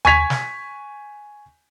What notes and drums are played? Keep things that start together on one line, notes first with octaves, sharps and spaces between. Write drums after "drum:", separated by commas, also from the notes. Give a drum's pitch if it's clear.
G#5 C#6 G#6 B6 F7, drum: tom D#2
drum: snare